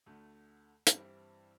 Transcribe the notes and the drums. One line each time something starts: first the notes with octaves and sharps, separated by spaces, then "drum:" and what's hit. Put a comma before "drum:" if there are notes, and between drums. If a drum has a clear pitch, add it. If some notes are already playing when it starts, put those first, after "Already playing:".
D2 D3 A3
G2 E3 G3 C4 E4, drum: hi-hat